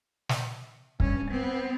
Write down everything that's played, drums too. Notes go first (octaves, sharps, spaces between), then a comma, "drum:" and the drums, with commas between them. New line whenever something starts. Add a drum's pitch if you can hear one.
drum: snare
G2 C#4, drum: kick
B3 C4